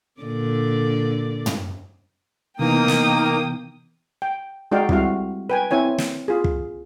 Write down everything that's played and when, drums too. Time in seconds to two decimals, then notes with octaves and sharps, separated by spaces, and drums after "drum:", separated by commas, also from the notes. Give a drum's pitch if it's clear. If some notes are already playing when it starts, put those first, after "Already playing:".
0.21 A#2 D3 D5
1.46 drum: tom
2.59 C3 E3 A#3 B3 D#4 G5 D#6
2.88 drum: snare
4.22 G5
4.71 G#3 D#4 F#4 D5 F5 G5
4.89 G3 C4 E4 F#4 F5, drum: kick
5.50 B4 G5 G#5
5.71 C4 E4 C#5 G#5
5.98 drum: snare
6.28 F4 G#4
6.44 drum: kick